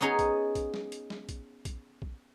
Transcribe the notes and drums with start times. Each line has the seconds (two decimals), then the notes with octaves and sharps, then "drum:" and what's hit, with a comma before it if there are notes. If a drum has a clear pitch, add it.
0.01 B3 C#4 D#4 G#4 C#5
0.19 drum: kick A#1, hi-hat
0.55 drum: kick A#1, hi-hat
0.74 drum: snare G#3
0.92 drum: hi-hat
1.10 drum: snare G#3
1.29 drum: kick A#1, hi-hat
1.65 drum: kick A#1, hi-hat
2.02 drum: kick A#1